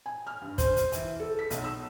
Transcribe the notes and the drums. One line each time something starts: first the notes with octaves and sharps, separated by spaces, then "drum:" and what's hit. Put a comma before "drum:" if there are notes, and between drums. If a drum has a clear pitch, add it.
G#5
F6
G2
C5, drum: kick, hi-hat
drum: hi-hat
E3, drum: hi-hat
A4
B6
B1, drum: hi-hat
E6